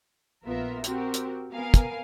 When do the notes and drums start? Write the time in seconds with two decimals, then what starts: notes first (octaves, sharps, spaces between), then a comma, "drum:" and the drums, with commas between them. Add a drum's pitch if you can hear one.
0.44 A#1 B3 F4 A#4 E5
0.84 C4 F#4 G4 A#4, drum: hi-hat
1.14 drum: hi-hat
1.52 B3 A#4 F5 G#5
1.74 drum: kick, hi-hat